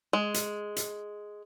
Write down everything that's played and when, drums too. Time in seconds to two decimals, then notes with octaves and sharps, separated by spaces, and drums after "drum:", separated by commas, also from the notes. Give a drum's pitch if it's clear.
0.13 G#3
0.34 drum: hi-hat
0.76 drum: hi-hat